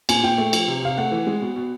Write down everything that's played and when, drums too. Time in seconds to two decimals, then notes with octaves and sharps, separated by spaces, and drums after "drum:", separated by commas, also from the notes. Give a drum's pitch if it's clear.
0.09 A#2 G#5, drum: cymbal
0.23 A#2 G5
0.38 A3
0.53 F3, drum: cymbal
0.68 C3
0.82 C3 F5
0.97 A3 F#5
1.11 E3
1.27 G#3
1.41 B2
1.56 B2